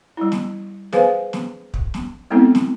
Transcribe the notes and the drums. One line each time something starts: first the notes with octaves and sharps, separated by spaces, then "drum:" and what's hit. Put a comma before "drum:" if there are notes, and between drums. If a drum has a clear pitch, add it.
G3 E4
drum: snare
G#4 B4 C5 F5 G#5, drum: snare
drum: snare
drum: kick
drum: snare
G#3 B3 C4 E4 A4
drum: snare